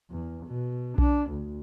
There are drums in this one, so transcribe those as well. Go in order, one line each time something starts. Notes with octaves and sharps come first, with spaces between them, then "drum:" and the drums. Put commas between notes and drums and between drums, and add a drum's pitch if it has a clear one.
E2
B2
D4, drum: kick B1
D2